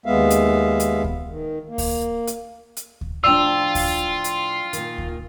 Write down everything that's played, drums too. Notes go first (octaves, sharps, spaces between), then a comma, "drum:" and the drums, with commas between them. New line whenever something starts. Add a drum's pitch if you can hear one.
D#2 G#3 B3 E5 F5
drum: hi-hat
drum: hi-hat
drum: kick D2
D#3
A#3
drum: kick D2, open hi-hat
drum: hi-hat
drum: hi-hat
drum: kick D2
A2 F3 D4 F4 D5 G5 E6
drum: kick D2, open hi-hat
drum: hi-hat
A#2 D#3, drum: hi-hat
drum: kick D2